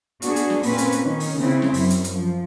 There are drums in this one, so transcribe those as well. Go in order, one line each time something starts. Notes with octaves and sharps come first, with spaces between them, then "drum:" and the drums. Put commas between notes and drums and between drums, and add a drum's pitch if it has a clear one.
B3 D4 F#4 G#4, drum: hi-hat
drum: hi-hat
drum: snare
A#2 A#3 C4 C#4 B4, drum: open hi-hat
drum: hi-hat
drum: hi-hat
D#3 C#4
drum: open hi-hat
C#3 C4 E4
drum: snare
F#2, drum: open hi-hat
drum: hi-hat
drum: hi-hat
F3